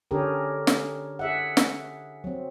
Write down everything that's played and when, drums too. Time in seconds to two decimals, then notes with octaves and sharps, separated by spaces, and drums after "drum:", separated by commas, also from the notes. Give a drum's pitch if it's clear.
0.11 D3 C#4 D4 G4 G#4 A#4
0.67 drum: snare
1.19 G#4 E5 F#5
1.57 drum: snare
2.24 F#3 C4